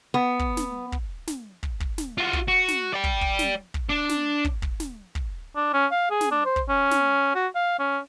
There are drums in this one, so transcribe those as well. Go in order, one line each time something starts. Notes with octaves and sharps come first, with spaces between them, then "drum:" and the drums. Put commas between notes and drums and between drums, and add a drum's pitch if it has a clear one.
B3
drum: kick
drum: snare
drum: kick
drum: snare
drum: kick
drum: kick
drum: snare
F4 F#4
drum: kick
F#4
drum: snare
D5 G5
drum: kick
drum: kick
drum: snare
drum: kick
D4
drum: snare
drum: kick
drum: kick
drum: snare
drum: kick
D4
C#4
F5
G#4
drum: snare
D4
C5
drum: kick
C#4
drum: snare
F#4
F5
C#4